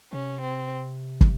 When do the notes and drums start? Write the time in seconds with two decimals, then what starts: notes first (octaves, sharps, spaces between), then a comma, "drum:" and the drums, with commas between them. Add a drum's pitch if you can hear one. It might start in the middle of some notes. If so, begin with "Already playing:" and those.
0.12 C3 C#4
0.41 C4
1.21 drum: kick